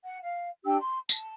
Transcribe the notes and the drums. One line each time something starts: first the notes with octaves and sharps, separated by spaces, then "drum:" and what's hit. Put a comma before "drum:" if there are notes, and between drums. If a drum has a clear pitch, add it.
F#5
F5
D4 G4 G5 E6
C6
A5, drum: tambourine